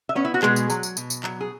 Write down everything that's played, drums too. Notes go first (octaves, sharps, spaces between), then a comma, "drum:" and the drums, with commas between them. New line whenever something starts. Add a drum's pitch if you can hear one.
E5
B3 C#4 C#5
E4
F#4
B2 G#3 G#4, drum: clap
drum: tambourine
F#3, drum: tambourine
drum: tambourine
B2, drum: tambourine
drum: tambourine
F#3, drum: clap
G#4